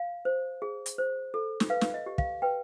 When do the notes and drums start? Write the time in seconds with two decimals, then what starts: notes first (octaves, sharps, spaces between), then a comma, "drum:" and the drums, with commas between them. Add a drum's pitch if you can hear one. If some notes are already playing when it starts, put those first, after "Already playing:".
Already playing: F5
0.25 C5
0.62 G#4
0.86 drum: hi-hat
0.98 C5
1.34 A4
1.60 drum: snare
1.70 B4 F5
1.81 drum: snare
1.94 D#5
2.06 G4
2.18 F5, drum: kick
2.42 B4 G5